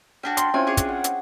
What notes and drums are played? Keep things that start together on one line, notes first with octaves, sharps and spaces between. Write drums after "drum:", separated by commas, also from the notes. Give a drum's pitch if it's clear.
C#4 D4 F#4 G5
C6, drum: hi-hat
C4 C#4 E4 F4 G#5
D4 G#4 C#5
drum: kick, hi-hat
F#5
drum: hi-hat